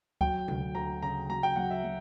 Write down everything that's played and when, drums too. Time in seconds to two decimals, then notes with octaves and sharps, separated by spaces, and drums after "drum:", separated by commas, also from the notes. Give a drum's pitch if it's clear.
0.21 F#3 G5, drum: kick C#2
0.48 D2, drum: tom C3
0.75 D2 A#5
1.02 C#3 A#5
1.30 F#3 A#5
1.43 G5
1.56 F#3 F#5
1.71 E5
1.84 F#3